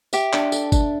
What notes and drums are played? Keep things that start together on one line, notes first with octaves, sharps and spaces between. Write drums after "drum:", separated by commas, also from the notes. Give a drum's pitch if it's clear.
G4 E5, drum: tambourine
D4, drum: clap
A4, drum: tambourine
D4, drum: kick, tambourine